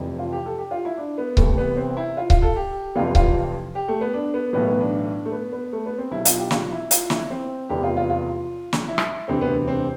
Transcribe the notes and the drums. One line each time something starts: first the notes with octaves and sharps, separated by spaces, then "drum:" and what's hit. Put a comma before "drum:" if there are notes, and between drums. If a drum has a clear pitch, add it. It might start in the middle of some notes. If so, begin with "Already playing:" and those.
Already playing: F1 F2 C3 E3
F4
G4
A4
G4
F4
E4
D4
B3
C2 C3 E3 A3, drum: kick C#1
B3
C4
E4
F4
F4, drum: kick C#1
A4
G4
F1 F2 C3 E3 F4
F4, drum: kick C#1
G4
A3
B3
D4
B3
B1 A2 E3 B3
B3
D4
A3
B3
B3
A3
B3
C4
B1 B2 E4
F4, drum: hi-hat
G4
F4, drum: snare
E4
F4, drum: hi-hat
E4, drum: snare
C4
F1 E2 C3 E3 G4
F4
F4
F4
drum: snare
E4
drum: rim click
E1 D2 C3 E3 C4
B3
C4